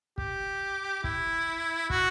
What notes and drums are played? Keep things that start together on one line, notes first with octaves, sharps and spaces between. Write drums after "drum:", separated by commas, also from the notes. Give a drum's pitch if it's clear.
G4, drum: kick
E4, drum: kick
F#4, drum: kick